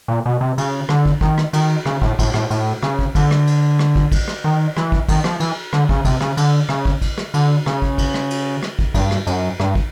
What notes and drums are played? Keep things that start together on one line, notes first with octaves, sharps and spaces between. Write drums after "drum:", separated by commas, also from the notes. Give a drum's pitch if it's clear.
A#2
B2
C3
C#3, drum: cymbal
D3, drum: rim click
drum: kick
D#3, drum: kick
drum: rim click
D#3, drum: cymbal
C#3, drum: rim click
A2, drum: kick
A2, drum: kick, cymbal
A2, drum: rim click
A2, drum: cymbal
C#3, drum: rim click
drum: kick
D3, drum: kick, cymbal
drum: rim click
drum: cymbal
drum: rim click
drum: kick
drum: kick, cymbal
drum: rim click
D#3
E3, drum: rim click
drum: kick
D#3, drum: kick, cymbal
F3, drum: rim click
E3, drum: cymbal
D3, drum: rim click
C#3, drum: kick
C3, drum: kick, cymbal
C#3, drum: rim click
D3, drum: cymbal
C#3, drum: rim click
drum: kick
drum: kick, cymbal
drum: rim click
D3, drum: cymbal
C#3, drum: rim click
drum: kick
drum: kick, cymbal
drum: rim click
drum: cymbal
drum: rim click
drum: kick
G2, drum: kick, cymbal
drum: rim click
F#2, drum: cymbal
G2, drum: rim click
drum: kick